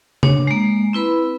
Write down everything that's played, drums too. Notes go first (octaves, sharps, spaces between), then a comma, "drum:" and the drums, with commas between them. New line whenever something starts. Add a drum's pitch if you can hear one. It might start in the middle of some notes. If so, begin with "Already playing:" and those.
D4 C#5, drum: tom
G#3 A#3
C4 E4 B4 B5